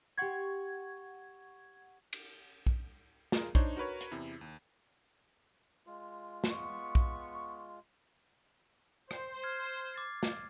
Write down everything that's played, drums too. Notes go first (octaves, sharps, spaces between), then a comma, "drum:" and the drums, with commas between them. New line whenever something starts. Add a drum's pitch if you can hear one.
G4 F#5 C6 C#6 G#6
drum: cymbal
drum: kick A#1
F4 G#4 A#4, drum: snare
D4 D#4 C5 C#5, drum: kick A#1
F#4 A#4 B4 C#5
drum: hi-hat
E2 C3 E4
D#2
G#3 F4
B3 C#6, drum: snare
drum: kick A#1
C5, drum: rim click
F6 G#6 C7
D6 A6 C7
drum: snare